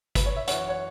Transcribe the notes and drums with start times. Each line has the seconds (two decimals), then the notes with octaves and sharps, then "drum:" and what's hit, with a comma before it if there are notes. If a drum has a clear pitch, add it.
0.15 B4, drum: kick, hi-hat
0.26 C#5
0.36 E5
0.47 F#2 E3 C#5 F#5, drum: hi-hat
0.69 C#5 F#5